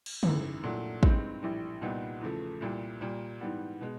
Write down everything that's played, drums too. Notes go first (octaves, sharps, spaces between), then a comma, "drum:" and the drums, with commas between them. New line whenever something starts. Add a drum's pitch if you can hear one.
drum: cymbal
G#1 F#2 C#3 E3, drum: tom
C2 A#2 F#3 A3 D4
G2 E3 G#3 C4 D#4, drum: kick A1
A#1 A2 E3 G3
C2 A#2 G3 B3 D#4
E2 C#3 F3 A3
C2 A#2 G3
A#2 G3 A#3
G#2 E3 G3 B3
B2 G#3